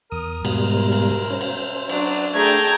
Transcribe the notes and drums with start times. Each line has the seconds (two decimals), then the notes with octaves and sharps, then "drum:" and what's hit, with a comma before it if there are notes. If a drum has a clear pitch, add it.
0.12 E2 A#4 D#6
0.45 G#2 B2 G3, drum: cymbal
0.92 drum: cymbal
1.30 C#4 C5
1.41 drum: cymbal
1.89 F#3 D4, drum: cymbal
2.34 A3 D4 G#4 G5 A5 A#5 G#6